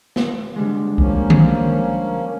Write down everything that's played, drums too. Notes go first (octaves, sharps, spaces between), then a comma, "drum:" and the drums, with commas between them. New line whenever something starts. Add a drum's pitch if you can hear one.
drum: snare
D3 G3 G#3
F3 A#3 C#4, drum: kick C2
drum: tom D3